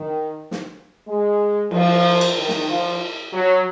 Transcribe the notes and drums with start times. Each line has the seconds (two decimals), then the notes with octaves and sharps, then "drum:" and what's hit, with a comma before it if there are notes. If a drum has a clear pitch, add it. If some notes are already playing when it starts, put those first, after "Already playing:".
Already playing: D#3
0.51 drum: snare
1.07 G#3
1.71 F3, drum: cymbal
2.21 drum: cymbal
2.36 D#3
2.49 drum: snare
2.68 F3
3.33 F#3